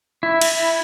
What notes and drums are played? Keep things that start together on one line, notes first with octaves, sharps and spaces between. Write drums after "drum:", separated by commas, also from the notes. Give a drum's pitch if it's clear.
E4
drum: cymbal